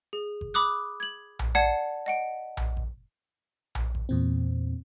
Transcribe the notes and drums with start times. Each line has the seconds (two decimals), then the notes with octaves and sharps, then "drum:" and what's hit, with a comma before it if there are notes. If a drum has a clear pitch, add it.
0.13 G#4
0.41 drum: kick G1
0.54 B5 D6 D#6 F#6
1.00 G#6 F#7
1.39 drum: tom A#1
1.55 D5 F#5 A5 G#6 C7 C#7
2.06 D#5 F#5 D7
2.57 drum: tom A#1
2.77 drum: kick G1
3.75 drum: tom A#1
3.95 drum: kick G1
4.09 E2 A#2 C4